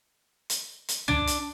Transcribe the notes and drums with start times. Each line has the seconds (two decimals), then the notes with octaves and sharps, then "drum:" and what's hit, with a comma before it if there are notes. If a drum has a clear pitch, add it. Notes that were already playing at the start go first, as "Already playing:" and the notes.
0.50 drum: hi-hat
0.88 drum: hi-hat
1.08 D4, drum: tom
1.27 drum: hi-hat